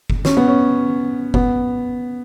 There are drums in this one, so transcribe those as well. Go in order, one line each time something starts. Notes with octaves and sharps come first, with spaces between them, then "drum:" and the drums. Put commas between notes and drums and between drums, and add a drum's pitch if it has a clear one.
drum: kick F#1
C#4, drum: snare
B3
C#4
B3, drum: kick F#1